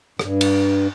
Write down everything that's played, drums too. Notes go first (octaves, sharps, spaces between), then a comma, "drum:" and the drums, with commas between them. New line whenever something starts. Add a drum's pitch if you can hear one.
G2, drum: rim click
drum: cymbal